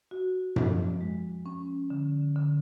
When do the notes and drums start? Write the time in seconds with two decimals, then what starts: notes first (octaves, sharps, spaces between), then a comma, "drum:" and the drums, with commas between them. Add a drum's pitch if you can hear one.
0.11 F#4
0.56 F3, drum: tom F#2
1.01 G#3
1.46 C#4
1.90 D3
2.36 D3